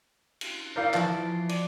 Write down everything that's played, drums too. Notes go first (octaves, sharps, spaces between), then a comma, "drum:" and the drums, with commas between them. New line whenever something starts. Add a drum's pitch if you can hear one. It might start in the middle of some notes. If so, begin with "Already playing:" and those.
drum: cymbal
E4 A#4 D5 F5 G6
E3 F3 A5 D7, drum: clap
C7
D5, drum: cymbal